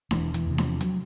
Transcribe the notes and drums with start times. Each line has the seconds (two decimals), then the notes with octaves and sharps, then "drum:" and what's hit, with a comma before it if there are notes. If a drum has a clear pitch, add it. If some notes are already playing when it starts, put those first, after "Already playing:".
0.11 E1 E3, drum: snare D4
0.34 E3, drum: hi-hat
0.46 E2 C3
0.58 F3, drum: snare D4
0.81 F#3, drum: hi-hat